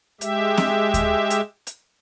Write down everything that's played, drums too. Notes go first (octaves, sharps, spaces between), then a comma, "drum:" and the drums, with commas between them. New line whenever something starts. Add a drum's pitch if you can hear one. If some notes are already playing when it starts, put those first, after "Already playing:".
G#3 G4 E5, drum: hi-hat
drum: snare C4
drum: kick D2, hi-hat
drum: hi-hat
drum: hi-hat